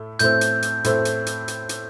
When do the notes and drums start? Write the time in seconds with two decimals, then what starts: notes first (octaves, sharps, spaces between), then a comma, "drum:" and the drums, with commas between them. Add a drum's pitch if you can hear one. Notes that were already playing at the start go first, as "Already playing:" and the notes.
Already playing: A2 A3
0.19 A2 A3 C4 G6, drum: hi-hat
0.41 drum: hi-hat
0.62 drum: hi-hat
0.84 A2 A3 C4, drum: hi-hat
1.05 drum: hi-hat
1.26 drum: hi-hat
1.48 drum: hi-hat
1.69 drum: hi-hat